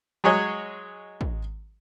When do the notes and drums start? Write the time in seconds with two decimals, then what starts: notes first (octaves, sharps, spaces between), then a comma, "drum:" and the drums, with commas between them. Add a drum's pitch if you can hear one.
0.24 F#3 G#3 G#4 C#5 D#5
1.21 drum: kick